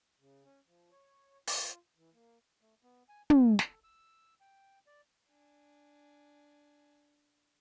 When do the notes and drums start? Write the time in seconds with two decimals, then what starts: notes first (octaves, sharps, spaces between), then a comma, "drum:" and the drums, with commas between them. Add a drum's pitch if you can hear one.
0.20 C#3
0.43 C#4
0.66 F3
0.91 C#5
1.47 F4, drum: open hi-hat
1.96 E3
2.12 A#3
2.61 A3
2.83 B3
3.09 G#5
3.30 G#5, drum: tom
3.59 A4, drum: snare
3.84 E6
4.40 G5
4.87 D5
5.29 D4 G#5